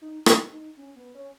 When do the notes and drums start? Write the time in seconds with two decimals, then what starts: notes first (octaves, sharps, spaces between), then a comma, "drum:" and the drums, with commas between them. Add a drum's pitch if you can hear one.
0.01 D#4
0.26 D#4, drum: rim click
0.52 D#4
0.77 C#4
0.96 B3
1.14 C#4